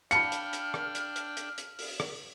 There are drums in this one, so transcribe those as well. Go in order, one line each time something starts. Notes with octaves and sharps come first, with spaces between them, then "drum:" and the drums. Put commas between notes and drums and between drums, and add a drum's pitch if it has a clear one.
D4 F5 G5 A5 B5 F6 C#7, drum: hi-hat
drum: hi-hat
drum: hi-hat
drum: rim click
drum: hi-hat
drum: hi-hat
drum: hi-hat
drum: hi-hat
drum: open hi-hat
drum: rim click